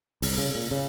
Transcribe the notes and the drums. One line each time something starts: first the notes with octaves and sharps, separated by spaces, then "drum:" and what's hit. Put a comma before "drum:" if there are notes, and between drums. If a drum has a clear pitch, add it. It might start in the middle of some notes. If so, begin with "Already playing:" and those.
C2, drum: open hi-hat
C#3
A#2
C#3